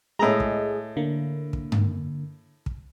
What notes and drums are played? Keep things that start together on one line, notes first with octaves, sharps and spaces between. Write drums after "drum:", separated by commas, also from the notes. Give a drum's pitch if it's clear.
A2 G#3 G#4 D#5 A#5
drum: kick
D3 A#3
drum: kick
drum: tom G2
drum: kick